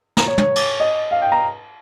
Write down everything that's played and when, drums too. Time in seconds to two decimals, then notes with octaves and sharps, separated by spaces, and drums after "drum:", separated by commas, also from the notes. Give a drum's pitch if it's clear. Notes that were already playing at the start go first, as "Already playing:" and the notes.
0.17 A#5, drum: snare
0.27 C#5
0.38 C#5, drum: tom
0.56 drum: cymbal
0.80 D#5
1.11 F5
1.22 G5
1.32 A#5